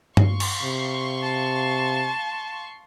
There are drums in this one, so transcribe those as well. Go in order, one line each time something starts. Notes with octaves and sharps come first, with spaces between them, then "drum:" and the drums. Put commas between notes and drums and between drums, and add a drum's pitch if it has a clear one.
F5 C6 C#6, drum: tom G2
drum: cymbal
C3
A5